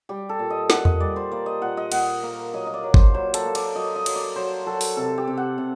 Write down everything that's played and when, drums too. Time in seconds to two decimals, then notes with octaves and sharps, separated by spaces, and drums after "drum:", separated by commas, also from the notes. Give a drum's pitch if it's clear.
0.09 G3 G4
0.29 A4
0.39 A#2
0.50 D#5
0.70 A#2 F#5, drum: snare
0.85 D#5, drum: tom E2
1.00 G3 D5
1.16 C5
1.32 A#3 D5
1.46 D#5
1.62 A#2 F#5
1.77 D#5
1.92 A#2 F#5, drum: cymbal
2.23 A#3
2.54 F#3 D#5
2.67 D#5
2.74 D5
2.83 F#3
2.94 C5, drum: kick G#1
3.14 F#3 C5
3.34 A4, drum: hi-hat
3.45 A#3
3.55 D5, drum: cymbal
3.75 F#3 D#5
3.96 D#5
4.06 F#3, drum: cymbal
4.16 D5
4.36 F#3 C5
4.66 F#3 A4
4.81 drum: open hi-hat
4.97 C3 A4
5.18 G4
5.27 C3
5.37 F#5
5.58 C3